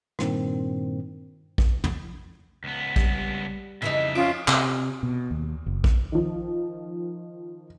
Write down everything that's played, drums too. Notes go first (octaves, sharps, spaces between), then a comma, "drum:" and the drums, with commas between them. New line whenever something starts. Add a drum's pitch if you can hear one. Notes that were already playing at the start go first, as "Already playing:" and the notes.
G2 A#2 D#3 C4, drum: rim click
drum: kick A#1
drum: tom
C#2 B3
G3, drum: kick A#1
F2 C#3 E3 D#4 E5
C#4 F4, drum: cymbal
C3, drum: clap
B2
D#2
F#1
drum: kick A#1
D#3 F3